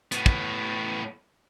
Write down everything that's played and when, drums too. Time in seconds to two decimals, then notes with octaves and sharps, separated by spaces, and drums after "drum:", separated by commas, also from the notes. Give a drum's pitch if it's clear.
0.12 A2 B3, drum: hi-hat
0.26 drum: kick